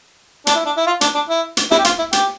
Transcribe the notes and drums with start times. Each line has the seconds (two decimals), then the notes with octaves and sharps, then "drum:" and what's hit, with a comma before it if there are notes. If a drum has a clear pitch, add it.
0.47 D4, drum: hi-hat
0.56 E4
0.66 D4
0.77 E4
0.87 F4
1.01 D4, drum: hi-hat
1.15 D4
1.29 E4
1.57 drum: hi-hat
1.71 E4, drum: snare
1.79 G4
1.85 F4, drum: hi-hat
1.99 E4
2.13 G4, drum: hi-hat